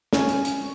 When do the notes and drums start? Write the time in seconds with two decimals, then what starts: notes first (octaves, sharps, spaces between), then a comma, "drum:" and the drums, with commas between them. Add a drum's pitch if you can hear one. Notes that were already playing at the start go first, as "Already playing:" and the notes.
0.13 C#4, drum: snare
0.29 drum: hi-hat
0.45 drum: hi-hat